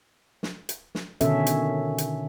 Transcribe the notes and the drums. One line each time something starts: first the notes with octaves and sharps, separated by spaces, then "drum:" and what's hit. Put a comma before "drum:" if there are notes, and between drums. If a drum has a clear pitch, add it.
drum: snare
drum: hi-hat
drum: snare
B2 D3 D#3 C#4 A4 E5, drum: hi-hat
drum: hi-hat
drum: hi-hat